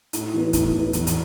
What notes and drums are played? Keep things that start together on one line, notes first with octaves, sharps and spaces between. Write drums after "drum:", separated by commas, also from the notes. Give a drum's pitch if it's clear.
A2, drum: hi-hat
E3 B3
A2, drum: kick, hi-hat
E3 B3
E2, drum: hi-hat
drum: hi-hat